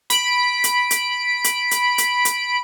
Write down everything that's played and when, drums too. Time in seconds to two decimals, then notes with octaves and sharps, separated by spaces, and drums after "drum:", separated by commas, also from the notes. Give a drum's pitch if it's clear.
0.10 B5 D7, drum: hi-hat
0.64 drum: hi-hat
0.91 drum: hi-hat
1.44 drum: hi-hat
1.71 drum: hi-hat
1.98 drum: hi-hat
2.25 drum: hi-hat